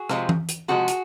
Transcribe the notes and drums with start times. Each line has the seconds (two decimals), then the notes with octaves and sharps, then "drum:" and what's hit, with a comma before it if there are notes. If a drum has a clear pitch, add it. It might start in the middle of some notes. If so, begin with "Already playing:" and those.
Already playing: F#4 G#4
0.09 C3 F3 G#3, drum: rim click
0.29 drum: tom E3
0.49 drum: hi-hat
0.68 C3 F3 G#3 F#4 G#4
0.88 drum: hi-hat